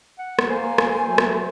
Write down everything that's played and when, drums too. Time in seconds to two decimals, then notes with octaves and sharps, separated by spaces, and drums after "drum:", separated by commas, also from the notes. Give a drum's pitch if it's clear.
0.19 F#5
0.39 drum: rim click
0.50 A#3 C5 G#5
0.78 drum: rim click
1.07 F#3 A3
1.18 drum: rim click